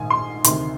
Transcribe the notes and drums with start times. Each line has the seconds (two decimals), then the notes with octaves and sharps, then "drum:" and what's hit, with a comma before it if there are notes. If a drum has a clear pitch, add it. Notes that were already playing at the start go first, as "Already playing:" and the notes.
Already playing: A#1 G#2 D#3 G#5
0.10 C6
0.44 D2 C3 D#3 C6, drum: hi-hat